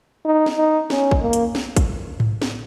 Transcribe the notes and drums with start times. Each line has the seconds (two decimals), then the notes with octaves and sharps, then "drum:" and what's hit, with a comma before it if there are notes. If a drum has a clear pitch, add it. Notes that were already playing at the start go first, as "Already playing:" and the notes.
0.25 D#4
0.46 drum: snare
0.57 D#4
0.90 C#4, drum: snare
1.11 drum: kick
1.22 A#3
1.33 drum: hi-hat
1.55 drum: snare
1.76 drum: kick, hi-hat
2.20 drum: tom G#2
2.42 drum: snare